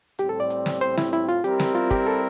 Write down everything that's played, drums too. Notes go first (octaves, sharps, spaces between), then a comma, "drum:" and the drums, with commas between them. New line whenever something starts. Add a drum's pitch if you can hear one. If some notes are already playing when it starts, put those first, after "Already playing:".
A2 G3 C4 G4, drum: hi-hat
A4
D5
drum: hi-hat
drum: snare
C5, drum: hi-hat
E4, drum: snare
E4, drum: hi-hat
F4, drum: hi-hat
G3 C4 E4 G4 A#4, drum: hi-hat
drum: snare
F4, drum: hi-hat
G4, drum: kick, hi-hat
A4